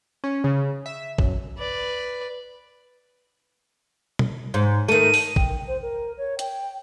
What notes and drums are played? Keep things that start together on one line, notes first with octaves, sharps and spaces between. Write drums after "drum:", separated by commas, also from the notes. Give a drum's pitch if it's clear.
C#4
C#3
E5
F#2, drum: kick
B4 D5
drum: tom
G#2
D#3 A3 D#7
drum: open hi-hat
G5, drum: kick
C5
A#4
C#5
G5, drum: hi-hat